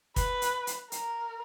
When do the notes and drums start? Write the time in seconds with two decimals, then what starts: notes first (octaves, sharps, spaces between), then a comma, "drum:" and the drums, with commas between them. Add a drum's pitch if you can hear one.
0.16 B4, drum: kick, hi-hat
0.42 drum: hi-hat
0.67 drum: hi-hat
0.92 A#4, drum: hi-hat